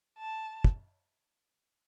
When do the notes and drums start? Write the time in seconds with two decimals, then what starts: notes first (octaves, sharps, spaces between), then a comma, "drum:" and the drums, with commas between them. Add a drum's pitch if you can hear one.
0.19 A5
0.64 drum: kick